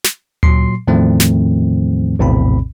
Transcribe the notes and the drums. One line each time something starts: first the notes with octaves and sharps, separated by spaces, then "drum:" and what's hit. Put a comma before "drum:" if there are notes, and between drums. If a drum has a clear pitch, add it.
drum: snare
A#2 F#3 C6 C7, drum: tom D2
E2 A2 D#3 F3 A3 C4
drum: snare
A#1 E2 A2 C3 C4 B5